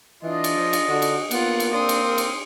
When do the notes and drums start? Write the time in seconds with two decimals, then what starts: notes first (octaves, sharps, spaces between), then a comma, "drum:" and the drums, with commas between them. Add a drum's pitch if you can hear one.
0.23 E3 D4 F4 D#5
0.44 drum: cymbal
0.57 F3
0.73 drum: cymbal
0.89 D3 F#4
1.02 drum: cymbal
1.31 A#3 B3 F4 F#5, drum: cymbal
1.60 drum: cymbal
1.74 C4 D4 C6 D#6
1.89 drum: cymbal
2.07 A#4
2.18 drum: cymbal